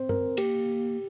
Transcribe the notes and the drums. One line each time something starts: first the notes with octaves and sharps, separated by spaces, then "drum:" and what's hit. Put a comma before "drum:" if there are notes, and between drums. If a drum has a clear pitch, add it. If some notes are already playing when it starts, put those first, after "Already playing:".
Already playing: C4 C5
A#4, drum: tom G2
A#3 G4, drum: cymbal